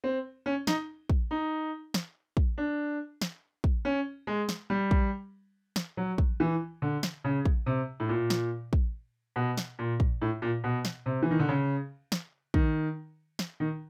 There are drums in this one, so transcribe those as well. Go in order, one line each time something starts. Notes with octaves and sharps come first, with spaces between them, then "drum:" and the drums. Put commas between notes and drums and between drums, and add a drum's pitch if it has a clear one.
C4
C#4
D#4, drum: snare
drum: kick
D#4
drum: snare
drum: kick
D4
drum: snare
drum: kick
C#4
G#3
drum: snare
G3
drum: kick
drum: snare
F#3
drum: kick
E3
D3
drum: snare
C#3
drum: kick
C3
A2
A#2
drum: snare
drum: kick
B2
drum: snare
A#2
drum: kick
A2
A#2
B2
drum: snare
C3
E3
D#3
D3
C#3
drum: snare
D#3, drum: kick
drum: snare
D#3